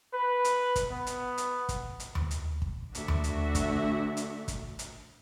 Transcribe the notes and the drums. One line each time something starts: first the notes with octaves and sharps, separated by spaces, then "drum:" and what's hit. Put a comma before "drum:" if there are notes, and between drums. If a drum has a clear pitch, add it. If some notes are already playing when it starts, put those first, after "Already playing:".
B4
drum: hi-hat
drum: kick, hi-hat
B3
drum: hi-hat
drum: hi-hat
drum: kick, hi-hat
drum: hi-hat
drum: tom D#2
drum: hi-hat
drum: kick
D2 D4 F#4 E5, drum: hi-hat
drum: tom D#2
drum: hi-hat
drum: kick, hi-hat
drum: hi-hat
drum: kick, hi-hat
drum: hi-hat